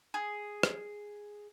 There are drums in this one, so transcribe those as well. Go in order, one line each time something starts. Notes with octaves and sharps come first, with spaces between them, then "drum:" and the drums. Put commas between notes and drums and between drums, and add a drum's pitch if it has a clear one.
G#4
drum: rim click